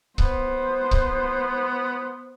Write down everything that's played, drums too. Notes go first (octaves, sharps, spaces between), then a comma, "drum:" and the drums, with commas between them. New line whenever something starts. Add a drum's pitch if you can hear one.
B3 C5, drum: kick C#1
drum: kick C#1